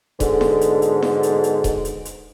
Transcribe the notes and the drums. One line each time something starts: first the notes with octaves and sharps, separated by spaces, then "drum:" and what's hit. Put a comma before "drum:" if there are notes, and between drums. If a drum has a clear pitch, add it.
G#2 B2 D3, drum: kick D#1, hi-hat
drum: snare E4
drum: hi-hat
drum: hi-hat
drum: snare E4
drum: hi-hat
drum: hi-hat
drum: kick D#1, hi-hat
drum: hi-hat
drum: hi-hat